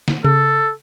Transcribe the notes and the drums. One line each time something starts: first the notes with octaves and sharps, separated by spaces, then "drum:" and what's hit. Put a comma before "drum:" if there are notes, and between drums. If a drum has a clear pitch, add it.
drum: snare
C#3 A4